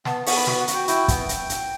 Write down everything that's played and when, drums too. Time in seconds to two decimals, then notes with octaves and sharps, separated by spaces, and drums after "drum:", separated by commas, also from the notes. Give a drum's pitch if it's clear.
0.05 B3 A5, drum: snare
0.26 B3 C#6, drum: open hi-hat
0.36 B5
0.47 F#4, drum: snare
0.60 F#5
0.67 F#4, drum: hi-hat
0.74 G5
0.88 E4 G5, drum: hi-hat
1.08 B3, drum: kick, hi-hat
1.29 drum: hi-hat
1.49 drum: hi-hat